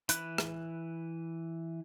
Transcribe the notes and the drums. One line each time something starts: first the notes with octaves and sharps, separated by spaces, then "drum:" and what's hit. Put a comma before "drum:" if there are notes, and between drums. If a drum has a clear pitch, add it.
E3 B5 F#6, drum: hi-hat
drum: rim click